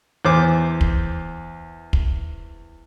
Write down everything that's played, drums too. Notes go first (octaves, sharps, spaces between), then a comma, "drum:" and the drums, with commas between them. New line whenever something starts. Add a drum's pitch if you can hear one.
E2 C5 D6
drum: kick
drum: kick